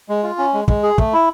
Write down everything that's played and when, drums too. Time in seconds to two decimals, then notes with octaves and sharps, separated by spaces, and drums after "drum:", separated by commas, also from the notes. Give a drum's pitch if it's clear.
0.09 G#3
0.23 F4
0.38 C#4
0.53 G#3
0.68 G#3, drum: kick
0.83 G#4
0.98 A3, drum: kick
1.13 E4